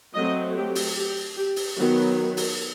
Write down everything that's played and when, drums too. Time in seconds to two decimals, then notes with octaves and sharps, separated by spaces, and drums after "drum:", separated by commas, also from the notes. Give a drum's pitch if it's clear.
0.14 F#3 A3 C4 D#5
0.55 G4
0.75 drum: open hi-hat
0.96 G4
1.36 G4
1.56 drum: open hi-hat
1.76 D#3 F#3 B3 F#4
2.37 drum: open hi-hat